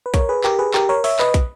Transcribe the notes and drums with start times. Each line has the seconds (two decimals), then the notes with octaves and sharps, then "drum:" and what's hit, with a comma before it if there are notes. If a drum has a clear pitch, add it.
0.06 B4
0.14 A#4 C#5, drum: kick, hi-hat
0.29 G#4 B4
0.44 G4 A#4, drum: clap
0.59 G#4 B4
0.74 G4 A#4, drum: clap
0.89 A#4 C#5
1.04 C#5 E5, drum: open hi-hat
1.19 B4 D#5, drum: clap
1.34 drum: kick, hi-hat